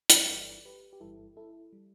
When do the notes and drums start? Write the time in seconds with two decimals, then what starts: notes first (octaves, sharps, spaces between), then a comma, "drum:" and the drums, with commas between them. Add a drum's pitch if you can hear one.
0.10 drum: hi-hat
0.25 B4
0.29 G1 G2 E3 G3 A4 D5
0.65 G4 B4
0.93 G4
1.00 G1 G2 E3 G3 E4 A4
1.37 E4 A4
1.73 G3